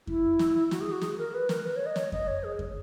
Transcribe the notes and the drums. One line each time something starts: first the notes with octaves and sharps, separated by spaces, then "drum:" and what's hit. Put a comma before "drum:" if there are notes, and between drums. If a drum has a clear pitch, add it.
E4, drum: kick F2
drum: snare
F#4, drum: snare
G#4
F#4
G#4, drum: snare
A#4
B4
A#4, drum: snare
B4
C#5
D#5
C#5, drum: snare
D#5, drum: kick F2
C#5
G#4
drum: kick F2